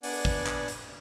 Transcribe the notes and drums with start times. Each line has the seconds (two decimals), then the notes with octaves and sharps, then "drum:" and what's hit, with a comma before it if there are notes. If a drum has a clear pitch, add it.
0.03 B3 D4 D5 F#5 G#5, drum: open hi-hat
0.25 drum: kick
0.47 drum: clap
0.68 drum: hi-hat